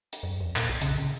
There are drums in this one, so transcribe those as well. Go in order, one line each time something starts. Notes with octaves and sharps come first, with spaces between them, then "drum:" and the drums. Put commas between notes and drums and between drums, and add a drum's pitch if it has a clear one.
drum: hi-hat
F#2
F2
A#2, drum: clap
B1
C#3, drum: hi-hat
C#3